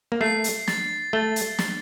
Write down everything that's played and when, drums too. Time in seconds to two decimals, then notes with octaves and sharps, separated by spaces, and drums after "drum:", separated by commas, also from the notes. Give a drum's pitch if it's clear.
0.12 A#3
0.21 A3 C7
0.44 drum: hi-hat
0.68 A6, drum: snare
1.13 A3 G7
1.36 drum: hi-hat
1.59 A6, drum: snare